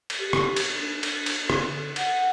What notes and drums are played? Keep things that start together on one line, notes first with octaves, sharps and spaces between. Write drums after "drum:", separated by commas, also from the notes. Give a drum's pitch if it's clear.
drum: cymbal
G4
drum: rim click
drum: cymbal
D4
drum: cymbal
drum: cymbal
drum: rim click
D3
F#5, drum: cymbal